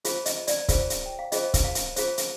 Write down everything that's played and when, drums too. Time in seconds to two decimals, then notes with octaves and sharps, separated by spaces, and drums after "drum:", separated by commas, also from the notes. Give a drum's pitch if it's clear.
0.05 F4 G#4 C5, drum: hi-hat
0.26 D#5, drum: hi-hat
0.47 D5, drum: hi-hat
0.68 F4 G#4 C5, drum: kick, hi-hat
0.90 drum: hi-hat
1.06 G5
1.19 F5
1.32 F4 G#4 C5 D#5, drum: hi-hat
1.54 drum: kick, hi-hat
1.64 F5
1.75 drum: hi-hat
1.96 F4 G#4 C5, drum: hi-hat
2.17 drum: hi-hat